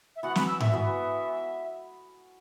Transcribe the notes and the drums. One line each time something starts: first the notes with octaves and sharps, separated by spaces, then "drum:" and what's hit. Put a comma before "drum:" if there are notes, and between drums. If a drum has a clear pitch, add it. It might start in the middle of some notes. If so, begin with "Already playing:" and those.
E5
E3 B3 F#4 F#5
B5, drum: snare
E6
E5, drum: tom G#2
E3 B3 F#4 E5